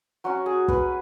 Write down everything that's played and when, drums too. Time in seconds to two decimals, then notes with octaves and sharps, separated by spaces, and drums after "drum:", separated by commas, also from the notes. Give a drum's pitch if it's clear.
0.24 F#3 C#4 F#4
0.46 G#4
0.68 B4, drum: kick